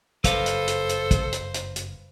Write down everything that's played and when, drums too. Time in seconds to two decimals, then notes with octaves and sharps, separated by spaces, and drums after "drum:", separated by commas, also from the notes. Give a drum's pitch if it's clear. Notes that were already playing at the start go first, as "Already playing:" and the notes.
0.24 F#1 G2 A4 B4 C5 F5, drum: kick, hi-hat
0.46 drum: hi-hat
0.68 drum: hi-hat
0.89 drum: hi-hat
1.11 drum: kick, hi-hat
1.33 drum: hi-hat
1.54 drum: hi-hat
1.76 drum: hi-hat